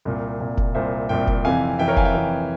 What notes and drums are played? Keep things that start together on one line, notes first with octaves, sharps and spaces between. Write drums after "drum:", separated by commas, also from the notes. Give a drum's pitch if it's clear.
C2 A#2
C2 A#2
drum: kick
C2 A#2 C5 E5
C2 A#2 E5 G5
drum: kick
F2 C3 E3 F5 G#5
F2 C3 E3 E5 G5
A#4 C#5
F5 G#5, drum: kick
E5 G5
F2 C3 E3